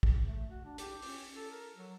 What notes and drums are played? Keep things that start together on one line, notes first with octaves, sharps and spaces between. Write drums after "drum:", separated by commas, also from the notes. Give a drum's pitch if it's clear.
drum: kick
A3
F#4
D4
G4, drum: hi-hat
C#4, drum: open hi-hat
A4
A#4
F#3